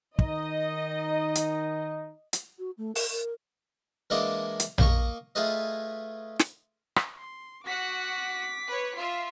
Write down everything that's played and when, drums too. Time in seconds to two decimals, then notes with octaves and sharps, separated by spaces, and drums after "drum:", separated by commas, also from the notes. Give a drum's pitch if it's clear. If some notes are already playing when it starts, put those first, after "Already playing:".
0.19 D#3 D#4 D#5, drum: kick
1.35 drum: hi-hat
2.33 drum: hi-hat
2.59 F#4
2.78 A3
2.95 A#4, drum: open hi-hat
3.11 A#4
4.10 E3 G#3 A#3 D4 D#5 D6
4.60 drum: hi-hat
4.78 A#3 D#5 C#6, drum: tom A#1
5.35 A3 F4 G#4 B4 D#5
6.39 drum: snare
6.96 drum: rim click
7.18 C6
7.65 F#4 F#5 D6 B6
8.67 B4 C#5
8.96 F4 E5